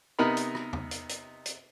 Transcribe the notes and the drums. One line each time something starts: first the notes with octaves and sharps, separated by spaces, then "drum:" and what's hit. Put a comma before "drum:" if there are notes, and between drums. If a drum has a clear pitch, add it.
C3 B3 D#4 A#4 B5
drum: hi-hat
drum: rim click
drum: tom E2
drum: hi-hat
drum: hi-hat
drum: hi-hat